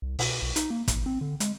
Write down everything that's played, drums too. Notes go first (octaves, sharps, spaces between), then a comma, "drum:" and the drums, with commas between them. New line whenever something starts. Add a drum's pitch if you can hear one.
C2
B2, drum: open hi-hat
B1
D#4, drum: hi-hat
A#3
A1, drum: kick, hi-hat
C4
D3
G#3, drum: hi-hat